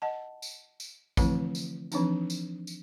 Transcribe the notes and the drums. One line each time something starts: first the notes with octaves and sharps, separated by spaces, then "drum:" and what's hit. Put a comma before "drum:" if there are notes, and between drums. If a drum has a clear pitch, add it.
D#5 F#5 A5
drum: tambourine
drum: tambourine
D3 E3 F3 A3 C4 E4, drum: kick A1, tambourine
drum: tambourine
E3 F3 C4 D4 D#4, drum: tambourine
drum: tambourine
drum: tambourine